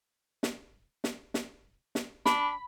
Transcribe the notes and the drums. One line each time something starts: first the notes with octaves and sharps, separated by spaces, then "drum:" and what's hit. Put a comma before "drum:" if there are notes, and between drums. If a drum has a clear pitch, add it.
drum: snare
drum: snare
drum: snare
drum: snare
D4 B5, drum: snare